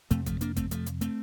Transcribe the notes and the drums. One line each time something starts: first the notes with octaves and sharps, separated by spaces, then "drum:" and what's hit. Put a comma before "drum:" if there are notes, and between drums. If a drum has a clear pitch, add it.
F2 C3 A3 C4, drum: hi-hat
F3 A3, drum: kick, hi-hat
A#3 D4, drum: hi-hat
A3 C4, drum: kick, hi-hat
F3 A3, drum: hi-hat
drum: hi-hat
A3 C4, drum: hi-hat